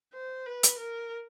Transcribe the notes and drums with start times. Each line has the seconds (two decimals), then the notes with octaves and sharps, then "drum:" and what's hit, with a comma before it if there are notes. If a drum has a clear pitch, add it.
0.14 C5
0.46 B4
0.63 drum: hi-hat
0.79 A#4